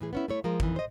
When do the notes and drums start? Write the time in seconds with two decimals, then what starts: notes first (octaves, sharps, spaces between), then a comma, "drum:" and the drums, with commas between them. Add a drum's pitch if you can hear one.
0.01 A2 E3 G#4
0.13 B3 C#4 E4
0.28 A3 E4 C#5
0.44 F3 G#3 A#4
0.60 F2 D#3 E3, drum: kick G#1
0.76 C5 D#5